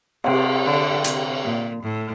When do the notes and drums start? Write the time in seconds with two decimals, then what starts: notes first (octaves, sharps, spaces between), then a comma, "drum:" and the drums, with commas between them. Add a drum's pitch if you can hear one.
0.24 C3, drum: cymbal
0.65 D3
1.04 C3, drum: hi-hat
1.44 A#2
1.83 A2